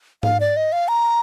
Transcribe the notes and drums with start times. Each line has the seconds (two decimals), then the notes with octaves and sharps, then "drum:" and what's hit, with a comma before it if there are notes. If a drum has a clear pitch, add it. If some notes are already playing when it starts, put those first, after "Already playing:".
0.23 F5, drum: tom G#2
0.40 D5
0.56 D#5
0.72 F5
0.88 A#5